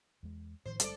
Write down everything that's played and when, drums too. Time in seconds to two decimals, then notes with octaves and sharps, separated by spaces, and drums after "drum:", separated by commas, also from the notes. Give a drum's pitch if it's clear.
0.23 E2 G#3
0.66 A2 D#3 F3 C5
0.80 G1 G3 G#3 A4 D5, drum: hi-hat